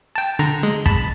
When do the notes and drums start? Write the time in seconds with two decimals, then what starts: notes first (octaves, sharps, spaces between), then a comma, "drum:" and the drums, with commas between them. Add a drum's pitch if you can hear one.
0.16 G5 A5
0.39 D3 A#5
0.63 G#3
0.86 A5 B5, drum: kick